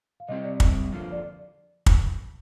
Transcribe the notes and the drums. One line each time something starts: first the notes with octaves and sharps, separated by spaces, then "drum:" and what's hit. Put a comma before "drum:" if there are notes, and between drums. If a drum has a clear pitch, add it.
F5
C3 G3 C4 G4 D#5
D5
C3 G3 C4 G4, drum: kick
F2 D3 F3 A#3 F4
D5
drum: kick